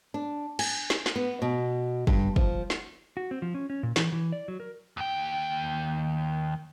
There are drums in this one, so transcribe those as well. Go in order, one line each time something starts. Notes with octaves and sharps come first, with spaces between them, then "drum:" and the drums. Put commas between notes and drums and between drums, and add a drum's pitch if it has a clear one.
D4
G#5, drum: cymbal
drum: snare
drum: snare
B3
B2
G2, drum: kick
F3, drum: kick
drum: snare
F#4
C4
F3
C#4
C#4
A#2
E3, drum: snare
E3
D5
F#3
A#4
D#2 G5